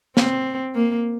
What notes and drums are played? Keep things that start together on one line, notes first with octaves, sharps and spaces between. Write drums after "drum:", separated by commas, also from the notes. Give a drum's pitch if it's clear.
C4, drum: snare
A#3